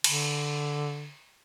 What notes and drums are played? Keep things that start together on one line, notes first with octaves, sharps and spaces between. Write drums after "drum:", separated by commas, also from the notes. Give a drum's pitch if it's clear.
D3, drum: cymbal